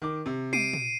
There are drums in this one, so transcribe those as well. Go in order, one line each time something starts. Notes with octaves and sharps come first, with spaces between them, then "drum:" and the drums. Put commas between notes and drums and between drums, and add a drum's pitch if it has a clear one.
D#3 D6
C3
C7 D7 D#7, drum: tom
drum: tom A#2